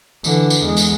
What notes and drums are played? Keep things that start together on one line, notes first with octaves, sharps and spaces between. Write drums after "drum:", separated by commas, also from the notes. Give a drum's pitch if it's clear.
D3 E3, drum: tambourine
drum: tambourine
E2 G#3
drum: tambourine